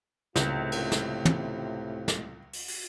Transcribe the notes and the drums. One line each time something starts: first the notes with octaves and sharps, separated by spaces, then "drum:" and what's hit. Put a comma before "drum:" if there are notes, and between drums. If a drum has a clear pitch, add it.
C#2 A2 C3 F4, drum: snare
drum: cymbal
drum: snare
drum: tom
drum: snare
drum: open hi-hat
drum: open hi-hat